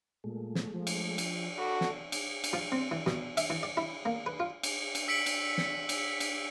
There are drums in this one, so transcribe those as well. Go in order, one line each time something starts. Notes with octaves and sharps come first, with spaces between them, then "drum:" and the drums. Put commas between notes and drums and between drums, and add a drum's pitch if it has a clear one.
A#2 G#3 A3
drum: snare
F3
drum: cymbal
drum: cymbal
F#4 A4 B5 D6
drum: snare
drum: cymbal
drum: cymbal
F3
C4
E3
B2, drum: snare
E5, drum: cymbal
E3
D5
E4
A#3
B4
F4
drum: cymbal
drum: cymbal
E6 B6 C#7 D7 F#7
drum: cymbal
drum: snare
drum: cymbal
drum: cymbal